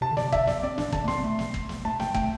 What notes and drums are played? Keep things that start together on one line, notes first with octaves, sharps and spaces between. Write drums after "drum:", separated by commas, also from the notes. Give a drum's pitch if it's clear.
C3 A5
D3
D5, drum: snare
C3
E5, drum: kick
D5, drum: snare
C4 D5
D4, drum: snare
D3 A5, drum: kick
A3
C4 C6, drum: snare
A3
drum: snare
drum: kick
drum: snare
A3 A5
A3 G5, drum: snare
A3 G5, drum: kick